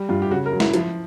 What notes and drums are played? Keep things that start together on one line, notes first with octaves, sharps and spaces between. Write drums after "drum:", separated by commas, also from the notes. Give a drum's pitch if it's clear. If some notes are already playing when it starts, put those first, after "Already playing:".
Already playing: G3
G2 F4
G4
C#3 F#4
A#4
F#3
E4, drum: snare
F3 E4, drum: hi-hat